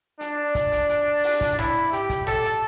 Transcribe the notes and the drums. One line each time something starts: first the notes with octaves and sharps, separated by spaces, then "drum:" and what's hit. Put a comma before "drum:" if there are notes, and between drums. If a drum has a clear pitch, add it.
D4, drum: hi-hat
drum: kick, hi-hat
drum: hi-hat
drum: hi-hat
drum: open hi-hat
drum: kick, hi-hat
E4, drum: snare
G4, drum: hi-hat
drum: kick, hi-hat
A4, drum: snare
drum: hi-hat